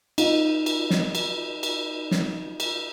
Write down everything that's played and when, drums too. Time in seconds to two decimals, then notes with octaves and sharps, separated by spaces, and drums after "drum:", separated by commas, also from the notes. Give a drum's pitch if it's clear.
0.18 D#4 F4, drum: cymbal
0.66 drum: cymbal
0.90 drum: snare
1.15 drum: cymbal
1.63 drum: cymbal
2.11 drum: snare
2.60 drum: cymbal